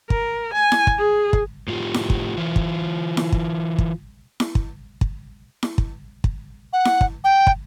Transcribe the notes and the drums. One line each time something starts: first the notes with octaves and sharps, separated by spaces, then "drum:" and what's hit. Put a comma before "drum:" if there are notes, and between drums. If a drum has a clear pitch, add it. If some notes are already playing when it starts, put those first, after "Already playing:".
A#4, drum: kick
G#5
drum: snare E4
drum: kick
G#4
drum: kick
A2 F4 G4
drum: snare E4
drum: kick
E3 F4
drum: kick
drum: snare E4
drum: kick
drum: kick
drum: snare E4
drum: kick
drum: kick
drum: snare E4
drum: kick
drum: kick
F#5
drum: snare E4
drum: kick
G5
drum: kick